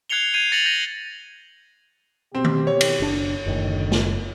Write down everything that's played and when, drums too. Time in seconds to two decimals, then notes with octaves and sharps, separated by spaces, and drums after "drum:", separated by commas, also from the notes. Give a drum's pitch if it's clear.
0.09 F#6 G#6 C7 C#7 F7 G7
0.34 G6 G#6 C7 D#7 F7
0.52 A6 A#6 C#7 F7 F#7
0.66 G6 A#6 D#7
2.35 B2 C4 G4
2.44 drum: tom D#3
2.67 C#5
2.81 drum: cymbal
3.00 F#1 D4
3.46 F#1 E2 A2 D3 D#3
3.92 drum: snare